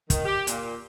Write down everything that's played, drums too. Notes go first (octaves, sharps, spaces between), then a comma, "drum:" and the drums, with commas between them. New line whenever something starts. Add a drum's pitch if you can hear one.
D#3, drum: kick, hi-hat
G4
A#2, drum: hi-hat